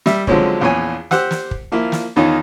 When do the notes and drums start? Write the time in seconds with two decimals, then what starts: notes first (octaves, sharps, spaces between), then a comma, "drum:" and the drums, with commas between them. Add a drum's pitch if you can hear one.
0.06 G3 E5, drum: snare
0.27 D3 F3 F#3 G#3 C4 C#4, drum: kick
0.61 A#1 E2 F3 C#4 C#5 G#5
1.11 G4 C5 F#5 E6, drum: snare
1.31 drum: snare
1.51 drum: kick
1.72 F3 A#3 E4 F4
1.92 drum: snare
2.16 E2 D#3 C#4 D#4 F4 G#5